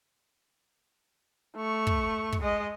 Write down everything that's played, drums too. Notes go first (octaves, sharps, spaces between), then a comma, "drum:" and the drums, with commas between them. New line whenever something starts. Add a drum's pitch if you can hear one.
A3 C#6
drum: kick
drum: kick
G#3 D#5